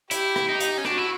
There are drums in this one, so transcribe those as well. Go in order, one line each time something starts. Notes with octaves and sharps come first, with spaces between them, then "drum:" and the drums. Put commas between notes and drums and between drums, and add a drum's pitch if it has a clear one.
E4 G4, drum: hi-hat
drum: rim click
D#4
drum: hi-hat
C#4
D4 F#4, drum: rim click
E4